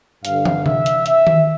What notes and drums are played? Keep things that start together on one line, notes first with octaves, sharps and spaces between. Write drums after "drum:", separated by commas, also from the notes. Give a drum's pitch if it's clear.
G2 D3 F5, drum: hi-hat
drum: tom
E5, drum: tom C3
drum: hi-hat
E5, drum: hi-hat
drum: tom D#3